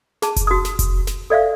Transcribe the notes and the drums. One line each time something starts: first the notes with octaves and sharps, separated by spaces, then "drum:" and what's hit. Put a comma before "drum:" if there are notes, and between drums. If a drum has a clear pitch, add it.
G#4 A5, drum: snare
drum: kick F1, hi-hat
F#4 D#6
drum: snare
drum: kick F1, hi-hat
drum: snare
A4 D5 E5 F5